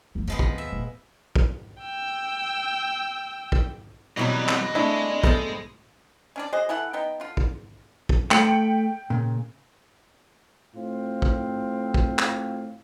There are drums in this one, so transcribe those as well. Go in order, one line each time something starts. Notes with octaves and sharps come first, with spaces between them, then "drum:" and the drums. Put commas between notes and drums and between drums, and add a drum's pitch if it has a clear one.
F#2 F3
D#2 F3 G#3 B3
drum: kick
E5
D#1 B3
drum: kick
G5 E6
drum: kick
B2 E3 F#3 G3 D#5 B5
drum: clap
G#3 A3 D4 E4 G#4
B3 A4 C5, drum: kick
C#4 D4 D5
F#4 G#4 C5 D#5
E3 E4 A4 F#5
B3 D#4 G5
D3 F4
drum: kick
drum: kick
A3 G5 C#7 F#7, drum: clap
A#2 C#3
A2 C4 F4
drum: kick
drum: kick
drum: clap